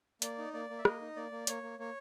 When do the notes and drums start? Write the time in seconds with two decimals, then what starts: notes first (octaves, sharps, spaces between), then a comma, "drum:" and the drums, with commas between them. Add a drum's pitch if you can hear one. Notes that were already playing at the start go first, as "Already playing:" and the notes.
0.22 A#3 D5, drum: hi-hat
0.38 D#4
0.53 A#3 D5
0.70 A#3
0.78 E5
0.85 A#3 D#5, drum: rim click
1.01 D#4
1.16 A#3 D5
1.32 A#3
1.47 A#3 C#5, drum: hi-hat
1.63 A#3
1.79 A#3 C#5